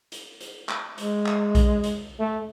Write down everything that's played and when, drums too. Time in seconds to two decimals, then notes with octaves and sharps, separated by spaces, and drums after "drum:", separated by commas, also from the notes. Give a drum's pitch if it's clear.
0.12 drum: hi-hat
0.40 drum: hi-hat
0.69 drum: clap
0.98 G#3, drum: hi-hat
1.26 drum: clap
1.55 drum: kick A#1, hi-hat
1.84 drum: hi-hat
2.20 A3